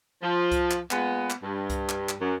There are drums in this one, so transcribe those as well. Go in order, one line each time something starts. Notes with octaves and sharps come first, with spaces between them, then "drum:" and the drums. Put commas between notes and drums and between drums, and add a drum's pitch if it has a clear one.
F3
drum: kick C2, hi-hat
drum: clap
A#2 G#3 B3, drum: clap
drum: clap
G2
drum: kick C2, hi-hat
drum: clap
drum: clap
F#2